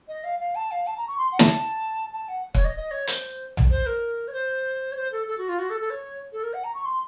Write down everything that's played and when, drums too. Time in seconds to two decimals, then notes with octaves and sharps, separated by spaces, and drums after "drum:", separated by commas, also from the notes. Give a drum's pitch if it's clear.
0.08 D#5
0.24 F5
0.40 F5
0.55 A5
0.71 F5
0.87 A5
0.97 A#5
1.08 C#6
1.18 C6
1.32 F#5
1.39 A5, drum: snare
2.13 A5
2.28 F#5
2.55 C#5, drum: kick
2.65 D#5
2.76 D#5
2.91 C#5
3.07 C5, drum: hi-hat
3.57 drum: tom B1
3.71 C5
3.86 A#4
4.28 C#5
4.33 C5
4.92 C#5
4.96 C5
5.12 A4
5.27 A4
5.38 F#4
5.49 F4
5.59 F#4
5.70 A4
5.80 A4
5.90 C#5
6.32 A4
6.43 A#4
6.54 F#5
6.64 A#5
6.74 C#6
6.85 C6